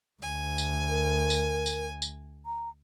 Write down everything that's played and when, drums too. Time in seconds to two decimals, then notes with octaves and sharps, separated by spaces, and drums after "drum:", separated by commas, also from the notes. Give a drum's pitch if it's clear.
0.22 D2 G#5
0.58 drum: tambourine
0.89 A#4
1.30 drum: tambourine
1.66 drum: tambourine
2.02 drum: tambourine
2.46 A#5